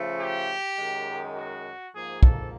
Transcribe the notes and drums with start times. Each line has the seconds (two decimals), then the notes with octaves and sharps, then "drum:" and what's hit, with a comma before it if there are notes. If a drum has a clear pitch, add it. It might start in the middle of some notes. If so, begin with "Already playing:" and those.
Already playing: C#3 F3 A3
0.20 G4
0.78 F#2 D#3 G#3
1.36 F#4
1.93 G#2 F3 A#3 G#4
2.23 A4, drum: kick